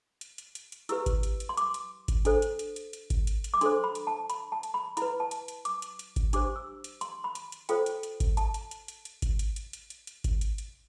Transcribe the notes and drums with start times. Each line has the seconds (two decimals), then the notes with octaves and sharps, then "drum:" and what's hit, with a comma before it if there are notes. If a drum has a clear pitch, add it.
0.21 drum: hi-hat
0.38 drum: hi-hat
0.55 drum: hi-hat
0.72 drum: hi-hat
0.89 E4 G4 B4 E6, drum: hi-hat
1.06 drum: kick G#1, hi-hat
1.23 drum: hi-hat
1.40 drum: hi-hat
1.49 C6
1.57 D6, drum: hi-hat
1.74 drum: hi-hat
2.08 drum: kick G#1, hi-hat
2.25 D4 A4 C5, drum: hi-hat
2.42 drum: hi-hat
2.59 drum: hi-hat
2.76 drum: hi-hat
2.93 drum: hi-hat
3.10 drum: kick G#1, hi-hat
3.27 drum: hi-hat
3.44 drum: hi-hat
3.54 D6
3.61 D4 A4 C5 C6, drum: hi-hat
3.84 B5
3.95 drum: hi-hat
4.07 A5
4.30 B5, drum: hi-hat
4.52 A5
4.63 drum: hi-hat
4.74 B5
4.97 E4 B4 B5, drum: hi-hat
5.20 A5
5.31 drum: hi-hat
5.48 drum: hi-hat
5.65 D6, drum: hi-hat
5.82 drum: hi-hat
5.99 drum: hi-hat
6.16 drum: kick G#1, hi-hat
6.33 D4 G4 C5 D6, drum: hi-hat
6.56 E6
6.84 drum: hi-hat
7.01 C6, drum: hi-hat
7.24 B5
7.35 drum: hi-hat
7.52 drum: hi-hat
7.69 F4 A4 C5 G5, drum: hi-hat
7.86 drum: hi-hat
8.03 drum: hi-hat
8.20 drum: kick G#1, hi-hat
8.37 A5, drum: hi-hat
8.54 drum: hi-hat
8.71 drum: hi-hat
8.88 drum: hi-hat
9.05 drum: hi-hat
9.22 drum: kick G#1, hi-hat
9.39 drum: hi-hat
9.56 drum: hi-hat
9.73 drum: hi-hat
9.90 drum: hi-hat
10.07 drum: hi-hat
10.24 drum: kick G#1, hi-hat
10.41 drum: hi-hat
10.58 drum: hi-hat